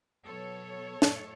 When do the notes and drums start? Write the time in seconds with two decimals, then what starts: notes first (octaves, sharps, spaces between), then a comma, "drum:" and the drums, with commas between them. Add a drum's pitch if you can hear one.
0.25 B2 F#3 B3 A4 C#5
1.02 A2 F#3, drum: snare